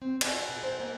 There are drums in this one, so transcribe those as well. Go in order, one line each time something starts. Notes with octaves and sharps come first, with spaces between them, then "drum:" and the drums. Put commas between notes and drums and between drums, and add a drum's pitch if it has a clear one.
C4
D5, drum: cymbal
F4
B2
C5
A#3